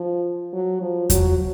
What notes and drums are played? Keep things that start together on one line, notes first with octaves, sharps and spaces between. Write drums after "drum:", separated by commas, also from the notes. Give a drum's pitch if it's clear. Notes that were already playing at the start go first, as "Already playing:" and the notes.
Already playing: F3
F#3
F3
F#3, drum: kick E2, hi-hat